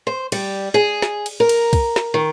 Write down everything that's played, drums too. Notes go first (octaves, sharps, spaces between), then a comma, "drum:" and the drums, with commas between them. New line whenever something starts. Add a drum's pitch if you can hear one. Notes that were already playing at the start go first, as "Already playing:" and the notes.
C5
G3, drum: cymbal
G#4
drum: snare
drum: cymbal
A#4
drum: cymbal
drum: kick, cymbal
drum: snare
D#3